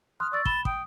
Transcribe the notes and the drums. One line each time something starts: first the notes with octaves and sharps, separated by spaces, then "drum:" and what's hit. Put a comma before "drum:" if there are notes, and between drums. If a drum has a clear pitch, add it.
C6 D#6 F6 F#6
D5 C#6 E6 A6
B5 A6 E7 G7, drum: kick
G5 D#6, drum: kick